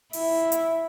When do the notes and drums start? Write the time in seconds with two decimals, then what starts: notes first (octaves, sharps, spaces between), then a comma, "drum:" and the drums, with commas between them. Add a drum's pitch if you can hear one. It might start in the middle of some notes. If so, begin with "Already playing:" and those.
0.13 E4, drum: open hi-hat
0.52 drum: hi-hat